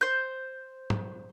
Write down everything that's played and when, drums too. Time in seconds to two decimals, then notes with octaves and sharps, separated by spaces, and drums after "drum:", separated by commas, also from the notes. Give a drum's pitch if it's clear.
0.01 C5 G6
0.90 drum: tom G#2